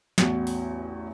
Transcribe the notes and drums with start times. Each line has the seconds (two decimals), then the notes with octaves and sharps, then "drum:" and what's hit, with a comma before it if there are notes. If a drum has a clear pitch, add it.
0.18 A1 E2 F#4, drum: snare
0.47 drum: open hi-hat